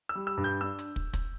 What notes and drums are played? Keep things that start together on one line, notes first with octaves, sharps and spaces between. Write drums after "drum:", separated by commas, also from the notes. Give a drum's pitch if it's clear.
E6
G3
E6
G2
G6
D4 E6
drum: hi-hat
drum: kick
drum: kick, hi-hat